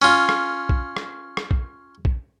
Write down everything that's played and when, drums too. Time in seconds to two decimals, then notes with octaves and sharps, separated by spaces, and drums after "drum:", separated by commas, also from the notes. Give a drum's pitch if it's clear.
0.02 C#4 F4
0.29 drum: rim click
0.69 drum: kick A#1
0.97 drum: rim click
1.37 drum: rim click
1.51 drum: kick A#1
2.05 drum: kick A#1